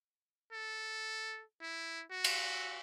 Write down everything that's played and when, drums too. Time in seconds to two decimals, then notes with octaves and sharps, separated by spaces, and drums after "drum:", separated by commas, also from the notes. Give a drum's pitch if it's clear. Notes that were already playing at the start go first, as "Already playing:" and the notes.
0.53 A4
1.61 E4
2.11 F#4
2.24 drum: cymbal